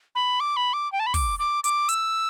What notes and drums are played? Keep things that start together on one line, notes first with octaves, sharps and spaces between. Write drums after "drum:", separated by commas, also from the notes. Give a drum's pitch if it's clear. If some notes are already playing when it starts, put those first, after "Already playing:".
B5
D6
B5
D6
G5
A5
B5
D6, drum: kick, open hi-hat
D6
D6, drum: hi-hat
E6, drum: hi-hat